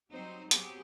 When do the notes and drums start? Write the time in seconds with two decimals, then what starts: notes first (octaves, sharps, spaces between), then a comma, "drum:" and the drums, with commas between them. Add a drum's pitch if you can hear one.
0.11 F#3 G3 C4 D#4 C5
0.51 F#3 B3 C4 G4 G#4, drum: hi-hat